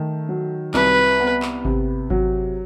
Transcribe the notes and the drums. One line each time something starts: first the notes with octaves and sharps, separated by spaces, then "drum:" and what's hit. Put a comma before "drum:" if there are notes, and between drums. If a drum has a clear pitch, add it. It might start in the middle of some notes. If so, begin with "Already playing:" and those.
Already playing: D#3 A3
F#3
C2 B4, drum: clap
B3
drum: clap
C3, drum: kick G#1
F#3, drum: kick G#1